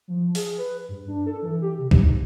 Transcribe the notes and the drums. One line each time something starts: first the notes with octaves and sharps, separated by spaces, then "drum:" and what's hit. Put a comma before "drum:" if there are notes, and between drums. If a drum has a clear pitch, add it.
F3
G#4, drum: open hi-hat
B4
G2
D4
A4
E3
G4
C3
G#2, drum: kick